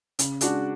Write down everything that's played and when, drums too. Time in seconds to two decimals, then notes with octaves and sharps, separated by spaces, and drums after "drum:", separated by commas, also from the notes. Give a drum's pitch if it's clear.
0.19 C#3, drum: hi-hat
0.41 G#3 D4 F#4, drum: hi-hat